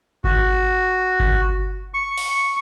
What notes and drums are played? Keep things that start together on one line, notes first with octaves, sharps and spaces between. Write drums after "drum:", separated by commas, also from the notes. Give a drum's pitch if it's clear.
F#4, drum: kick G1
drum: kick G1
C#6
drum: open hi-hat